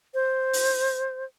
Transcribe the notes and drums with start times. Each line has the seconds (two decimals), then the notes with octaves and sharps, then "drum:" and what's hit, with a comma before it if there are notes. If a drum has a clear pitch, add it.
0.14 C5
0.53 drum: open hi-hat